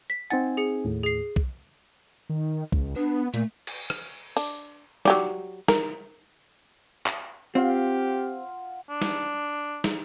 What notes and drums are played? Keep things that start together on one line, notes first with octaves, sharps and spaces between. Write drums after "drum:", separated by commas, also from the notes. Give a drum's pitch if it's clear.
B6
C4 D#4 F#5 G#5 A6
G#4 C#7
D#2 A2
G#4 C7
drum: kick B1
D#3
C#2, drum: kick B1
B3 D4
A#2 A3, drum: hi-hat
drum: cymbal
drum: rim click
D4, drum: open hi-hat
F#3 G4 D5, drum: snare
A#4, drum: snare
drum: clap
C4 F4 G4 F5 F#5
D4
drum: snare
drum: snare